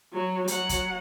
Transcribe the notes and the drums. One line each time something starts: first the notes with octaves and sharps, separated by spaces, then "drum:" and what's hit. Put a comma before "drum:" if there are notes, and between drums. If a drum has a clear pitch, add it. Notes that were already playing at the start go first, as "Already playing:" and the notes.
F#3
F#3 F#5, drum: hi-hat
drum: kick, hi-hat